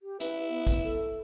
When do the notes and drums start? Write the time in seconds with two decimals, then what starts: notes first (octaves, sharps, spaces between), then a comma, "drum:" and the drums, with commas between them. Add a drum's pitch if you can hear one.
0.01 G4
0.20 E4 B4, drum: hi-hat
0.49 B3
0.67 drum: kick A1, hi-hat
0.83 A4